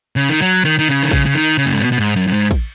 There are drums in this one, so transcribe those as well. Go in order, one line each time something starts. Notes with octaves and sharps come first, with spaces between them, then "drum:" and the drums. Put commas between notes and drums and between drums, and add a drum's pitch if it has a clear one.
C#3
D#3
F#3, drum: cymbal
D#3
D#3, drum: cymbal
C#3
D#3
C#3, drum: kick, cymbal
C#3
D#3
drum: cymbal
C#3
F#2
G#2
B2, drum: cymbal
B2
G#2
F#2, drum: cymbal
F#2
G#2
drum: kick, cymbal